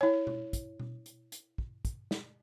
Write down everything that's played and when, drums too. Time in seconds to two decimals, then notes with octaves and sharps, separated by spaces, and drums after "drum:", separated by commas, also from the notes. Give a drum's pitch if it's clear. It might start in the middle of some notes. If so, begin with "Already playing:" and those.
0.01 E4 C#5
0.27 drum: tom B2
0.53 drum: kick, hi-hat
0.80 drum: tom B2
1.06 drum: hi-hat
1.32 drum: hi-hat
1.58 drum: kick
1.85 drum: kick, hi-hat
2.11 drum: snare